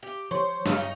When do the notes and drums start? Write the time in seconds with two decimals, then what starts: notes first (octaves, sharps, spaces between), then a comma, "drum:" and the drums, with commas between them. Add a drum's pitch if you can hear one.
0.03 G4
0.31 F3 C5 C#5
0.66 G2 A4 F5, drum: snare
0.79 D#4 G5